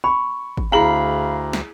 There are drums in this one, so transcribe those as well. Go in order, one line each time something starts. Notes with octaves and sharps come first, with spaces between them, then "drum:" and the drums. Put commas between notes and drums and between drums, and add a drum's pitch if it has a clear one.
B5 C#6
drum: kick G#1
D2 E4 G#4 F5 G5 A#5 B5 F#7
drum: snare